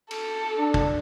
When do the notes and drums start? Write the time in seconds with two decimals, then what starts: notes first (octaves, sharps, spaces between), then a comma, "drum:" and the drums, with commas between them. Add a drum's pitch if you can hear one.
0.11 A4, drum: cymbal
0.58 D4
0.74 drum: kick